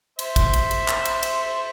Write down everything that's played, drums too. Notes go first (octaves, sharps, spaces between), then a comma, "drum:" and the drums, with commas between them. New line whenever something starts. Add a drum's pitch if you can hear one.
C5 E5, drum: cymbal
drum: kick, cymbal
drum: cymbal
drum: cymbal
drum: clap
drum: cymbal
drum: cymbal